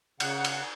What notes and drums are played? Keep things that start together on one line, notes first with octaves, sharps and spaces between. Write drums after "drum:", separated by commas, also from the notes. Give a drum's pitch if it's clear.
C#3 F#5, drum: cymbal
drum: cymbal